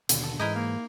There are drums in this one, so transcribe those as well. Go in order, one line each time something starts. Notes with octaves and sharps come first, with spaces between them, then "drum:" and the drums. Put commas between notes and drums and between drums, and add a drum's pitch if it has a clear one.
D#2 B2 D3, drum: hi-hat
A4
G#2 E3 D#4 E4 A#4 D#5
A#3